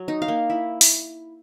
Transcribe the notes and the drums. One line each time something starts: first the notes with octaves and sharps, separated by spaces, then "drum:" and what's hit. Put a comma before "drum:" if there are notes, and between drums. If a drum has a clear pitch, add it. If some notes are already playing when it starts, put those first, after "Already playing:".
Already playing: F#3
D#4
F5
A#3
E4
drum: open hi-hat